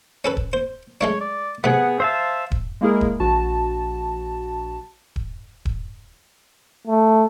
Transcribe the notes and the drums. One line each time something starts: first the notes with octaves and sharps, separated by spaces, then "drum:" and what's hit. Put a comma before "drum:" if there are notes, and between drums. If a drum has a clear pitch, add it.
C#4 A4 B4
drum: kick D#1
C5
G#3 A3 D4 C#5
D5
C3 A3 B3 G#4 F#5
C5 E5 F5 A5
drum: kick D#1
G#3 A#3 E4 G#4 A#4
drum: kick D#1
A#1 F#4 A5
drum: kick D#1
drum: kick D#1
A3